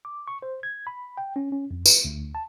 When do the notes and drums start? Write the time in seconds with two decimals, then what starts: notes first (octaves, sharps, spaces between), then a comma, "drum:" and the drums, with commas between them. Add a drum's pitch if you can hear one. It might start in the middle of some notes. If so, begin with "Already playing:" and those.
0.05 D6
0.28 C#6
0.42 C5
0.63 G#6
0.87 B5
1.17 G5
1.36 C#4
1.52 C#4
1.71 F2
1.86 B4, drum: tambourine
2.05 D2
2.35 A5